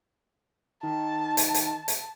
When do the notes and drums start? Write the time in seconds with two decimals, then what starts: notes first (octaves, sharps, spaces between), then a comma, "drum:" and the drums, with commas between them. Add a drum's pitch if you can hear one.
0.83 D#3 A5
1.37 drum: hi-hat
1.54 drum: hi-hat
1.88 drum: hi-hat